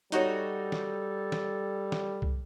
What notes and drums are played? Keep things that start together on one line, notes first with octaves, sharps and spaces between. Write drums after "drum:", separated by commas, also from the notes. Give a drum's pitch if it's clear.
G3 D#4 F#4 A4 C#5, drum: hi-hat
drum: snare
drum: snare
drum: snare
drum: kick C2